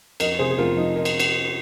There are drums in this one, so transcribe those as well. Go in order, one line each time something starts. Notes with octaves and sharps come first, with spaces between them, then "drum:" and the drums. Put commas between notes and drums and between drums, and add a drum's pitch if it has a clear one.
F2 A#4 D#5, drum: cymbal
C3 G#4 C5
G#4
F2 F4 A#4
F3 D#4
A#4 D#5
drum: cymbal
drum: cymbal